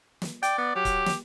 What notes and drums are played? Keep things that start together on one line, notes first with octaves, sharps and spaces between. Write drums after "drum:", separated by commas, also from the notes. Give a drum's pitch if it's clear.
drum: snare
D5 G5, drum: hi-hat
B3
F#3 G4
drum: kick, hi-hat
drum: snare